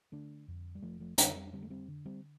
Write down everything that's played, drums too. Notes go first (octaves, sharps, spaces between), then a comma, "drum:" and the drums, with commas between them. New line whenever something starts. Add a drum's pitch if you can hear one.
D3 A3 D4
F2
G3
F1 F3 A3
F3 A3
F2 D3 G3, drum: hi-hat
G3 C4
D4
D3 G3 C4
A3
G3 C4
D3
G3 C4